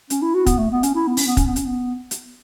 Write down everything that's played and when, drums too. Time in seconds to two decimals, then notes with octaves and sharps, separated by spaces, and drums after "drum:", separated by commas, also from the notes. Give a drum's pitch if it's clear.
0.10 C#4, drum: hi-hat
0.22 E4
0.34 F#4
0.46 B3, drum: kick, hi-hat
0.59 A3
0.71 B3
0.83 C#4, drum: hi-hat
0.95 E4
1.07 B3
1.17 C#4, drum: open hi-hat
1.27 B3
1.37 C#4, drum: kick, hi-hat
1.46 B3
1.56 C#4, drum: hi-hat
1.66 B3
2.11 drum: hi-hat